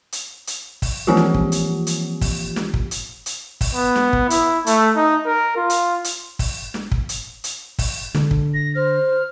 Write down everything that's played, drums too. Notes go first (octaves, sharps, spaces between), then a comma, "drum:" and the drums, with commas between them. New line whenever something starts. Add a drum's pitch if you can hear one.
drum: hi-hat
drum: hi-hat
drum: kick, open hi-hat
E3 F3 A#3 C4 F4 G4
drum: snare
drum: kick
drum: hi-hat
drum: hi-hat
drum: kick, open hi-hat
drum: snare
drum: kick
drum: hi-hat
drum: hi-hat
drum: kick, open hi-hat
B3
drum: snare
drum: kick
E4, drum: hi-hat
A3, drum: hi-hat
D#4
A#4
F4
drum: hi-hat
drum: hi-hat
drum: kick, open hi-hat
drum: snare
drum: kick
drum: hi-hat
drum: hi-hat
drum: kick, open hi-hat
D3, drum: snare
drum: kick
A#6
C5 F6